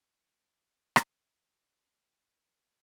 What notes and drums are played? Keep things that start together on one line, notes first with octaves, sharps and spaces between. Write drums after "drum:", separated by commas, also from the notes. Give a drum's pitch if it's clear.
A#3 C4
G5
drum: rim click
A#4 B4